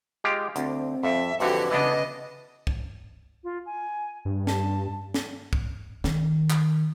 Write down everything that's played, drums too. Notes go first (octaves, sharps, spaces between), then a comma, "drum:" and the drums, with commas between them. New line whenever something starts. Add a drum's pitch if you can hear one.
G#3 F4 G4
D2 C4, drum: hi-hat
F2 E5
F2 D3 E3 F#4 G4 B4, drum: open hi-hat
C#3 E3 B3 D4 D#5
drum: kick
F4
G#5
G2
A5, drum: snare
drum: snare
drum: kick
D#3, drum: snare
drum: clap